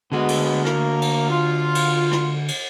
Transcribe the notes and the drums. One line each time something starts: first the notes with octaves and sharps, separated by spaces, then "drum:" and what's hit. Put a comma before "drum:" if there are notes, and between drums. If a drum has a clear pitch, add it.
D3 G#3 B3 F#4
drum: cymbal
A#3 A#4, drum: rim click
drum: cymbal
F4
drum: cymbal
drum: rim click
drum: cymbal